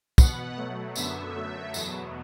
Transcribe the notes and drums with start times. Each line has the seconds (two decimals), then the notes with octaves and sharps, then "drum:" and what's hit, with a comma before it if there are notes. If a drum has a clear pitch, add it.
0.18 B2 B3 F#5, drum: kick, tambourine
0.57 B2 F#3 A3
0.96 F#2 D3 B3 E5, drum: tambourine
1.35 F#2 F#3 A3 E5
1.74 E2 B2 F#3 B3, drum: tambourine